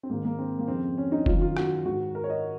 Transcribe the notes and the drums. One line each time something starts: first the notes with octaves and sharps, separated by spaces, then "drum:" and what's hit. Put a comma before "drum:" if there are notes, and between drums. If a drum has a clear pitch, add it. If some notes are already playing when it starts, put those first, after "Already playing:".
C4
G#2 D#3 A#3
A#3
C4
A#3
F2 C#3 C4
C#4
D#4
F#2 D#3 F4, drum: kick F1
F4
F#4, drum: rim click
G#2 D#3 F#4
A#4
C#5
D#5